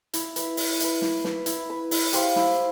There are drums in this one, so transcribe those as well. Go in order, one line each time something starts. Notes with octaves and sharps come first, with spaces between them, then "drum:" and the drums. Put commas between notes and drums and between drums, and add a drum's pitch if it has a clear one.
E4, drum: hi-hat
B4 E5, drum: hi-hat
E4, drum: open hi-hat
B4 E5, drum: hi-hat
E4, drum: snare
B4 E5, drum: snare
E4, drum: hi-hat
B4 E5
E4, drum: open hi-hat
G4 C5 F5, drum: hi-hat
E4, drum: snare